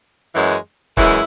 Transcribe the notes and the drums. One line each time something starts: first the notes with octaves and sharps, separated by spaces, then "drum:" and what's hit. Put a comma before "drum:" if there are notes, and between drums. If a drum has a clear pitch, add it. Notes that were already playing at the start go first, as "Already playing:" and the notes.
F#2 E3 G#3
F#2 E3 G#3 E4, drum: kick